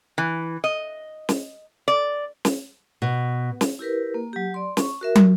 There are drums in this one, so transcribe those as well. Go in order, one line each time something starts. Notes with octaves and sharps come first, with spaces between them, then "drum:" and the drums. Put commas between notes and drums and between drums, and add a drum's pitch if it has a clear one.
E3
D#5
drum: snare
D5
drum: snare
B2
drum: snare
E4 G4 A#4 B4
A#3
F#3 G4
D5 C6
C#6, drum: snare
F#4 A#4 E5
drum: tom